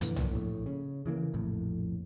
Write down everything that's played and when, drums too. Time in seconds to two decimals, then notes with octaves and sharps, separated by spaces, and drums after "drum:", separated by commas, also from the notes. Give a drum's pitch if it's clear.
0.01 F2 A#2 D3 E3, drum: hi-hat
0.16 F1 A#1 A#2, drum: tom B1
0.31 A#1 A2
0.66 C#3
1.06 C#3 E3 G#3 A#3
1.33 A#1 F2 A2